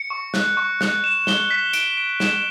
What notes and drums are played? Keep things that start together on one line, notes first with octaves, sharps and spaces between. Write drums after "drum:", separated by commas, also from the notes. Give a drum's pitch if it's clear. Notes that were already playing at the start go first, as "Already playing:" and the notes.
Already playing: C#7
C#6
F#6, drum: snare
C#6
F#6, drum: snare
E7
G7, drum: snare
B6
D7, drum: hi-hat
D7
E7, drum: snare